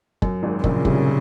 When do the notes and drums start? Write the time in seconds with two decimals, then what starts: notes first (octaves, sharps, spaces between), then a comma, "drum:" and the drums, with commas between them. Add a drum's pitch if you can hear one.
0.22 F#2, drum: kick
0.43 G#1 G#2
0.64 A#1 A#2 C#3, drum: kick
0.85 C2 C3, drum: kick